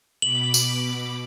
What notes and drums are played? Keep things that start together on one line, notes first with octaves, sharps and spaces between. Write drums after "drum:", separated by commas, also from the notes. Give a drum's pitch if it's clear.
B2 B5 D6 F#7
drum: tambourine